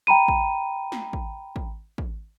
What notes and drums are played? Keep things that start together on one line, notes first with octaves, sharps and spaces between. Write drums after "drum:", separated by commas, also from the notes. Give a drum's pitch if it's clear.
G5 A#5 B5 D#7
drum: kick
drum: snare
drum: kick
drum: kick
drum: kick